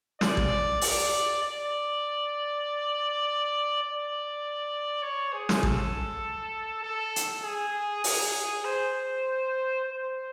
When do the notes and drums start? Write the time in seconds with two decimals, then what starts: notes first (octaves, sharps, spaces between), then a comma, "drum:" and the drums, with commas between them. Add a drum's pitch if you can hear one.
0.21 D5, drum: snare
0.37 drum: kick A1
0.81 D5, drum: open hi-hat
1.42 D5
3.83 D5
5.02 C#5
5.33 G#4
5.49 drum: snare
5.63 A4, drum: kick A1
6.83 A4
7.16 drum: hi-hat
7.44 G#4
8.04 G#4, drum: open hi-hat
8.65 C5
9.84 C5